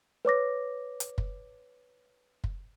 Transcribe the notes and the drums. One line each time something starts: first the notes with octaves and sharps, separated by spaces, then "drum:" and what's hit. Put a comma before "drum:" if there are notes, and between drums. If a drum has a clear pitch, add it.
B4 C#5 D6 A#6
drum: hi-hat
drum: kick
drum: kick